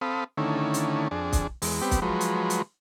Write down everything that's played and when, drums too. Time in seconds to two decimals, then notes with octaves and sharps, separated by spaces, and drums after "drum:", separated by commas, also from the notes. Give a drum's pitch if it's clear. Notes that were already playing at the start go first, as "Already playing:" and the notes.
0.01 C4 A4 F5 B5 D#6
0.38 D3 D#3 A3 C#4 E4
0.74 drum: hi-hat
1.11 F2 D4 G#4
1.33 drum: kick, hi-hat
1.62 E2 G#3, drum: open hi-hat
1.81 G3 B3 C4 G4
1.91 drum: kick, hi-hat
2.02 F3 F#3 G#3 B4
2.21 drum: hi-hat
2.50 drum: hi-hat